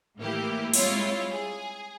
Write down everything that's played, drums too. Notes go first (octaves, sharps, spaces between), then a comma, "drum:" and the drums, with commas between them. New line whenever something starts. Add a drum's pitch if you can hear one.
A2 E3 A#3 E4 G4
G3 G#3 C4 E4 F4 C#5, drum: open hi-hat
G#4